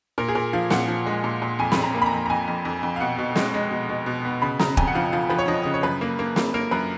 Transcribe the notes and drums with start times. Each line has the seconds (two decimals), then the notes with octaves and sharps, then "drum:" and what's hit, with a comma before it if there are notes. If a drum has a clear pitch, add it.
0.18 A#2 A#4
0.28 G#4
0.35 A#2 A#4
0.53 F3 F5
0.70 A#2 F#5, drum: snare
0.88 F3
1.06 G#3
1.24 A#2
1.42 A#2
1.59 F2 G#5
1.72 B5, drum: snare
1.77 F2
1.82 A#5
1.94 A#3
2.02 B5
2.06 A#5
2.13 F2
2.26 A#5
2.30 F2 G#5
2.48 F2
2.65 F2
2.83 F2
2.96 F5
3.00 B2 F#5
3.18 B2
3.36 G#3, drum: snare
3.54 G#3
3.71 B2
3.89 B2
4.06 B2
4.25 B3
4.42 C#3 B5
4.59 C#3 A#5, drum: snare
4.77 F2 G#5, drum: kick
4.87 F#5
4.95 F3 F5
5.12 F3 F5
5.30 F3 B4
5.39 C#5
5.48 F3 D#5
5.63 C#3 D#5
5.74 C#5
5.83 F#2 B4
6.01 A#3
6.19 A#3
6.36 A#3, drum: snare
6.54 A#3 A#4
6.71 F#2 B4